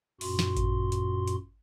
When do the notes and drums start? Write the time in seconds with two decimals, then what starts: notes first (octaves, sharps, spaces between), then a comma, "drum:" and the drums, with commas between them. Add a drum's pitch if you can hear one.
0.21 F#2 A#2 F#4 C6, drum: open hi-hat
0.39 drum: snare
0.57 drum: kick G#1, hi-hat
0.92 drum: hi-hat
1.27 drum: hi-hat